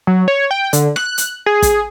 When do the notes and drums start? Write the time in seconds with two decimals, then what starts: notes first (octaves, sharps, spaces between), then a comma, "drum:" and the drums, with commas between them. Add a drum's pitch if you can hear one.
0.07 F#3
0.28 C#5
0.51 G5
0.73 D3, drum: hi-hat
0.96 F#6, drum: rim click
1.18 drum: hi-hat
1.46 G#4
1.62 drum: kick, hi-hat